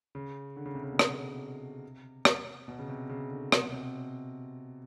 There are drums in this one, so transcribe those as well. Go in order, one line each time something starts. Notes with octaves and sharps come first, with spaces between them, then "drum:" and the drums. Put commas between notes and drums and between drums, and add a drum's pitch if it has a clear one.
C#3
D3
C#3
C3
C#3
B2
C3, drum: rim click
drum: rim click
B2
C#3
C3
C#3
D3
C3, drum: rim click
B2
C3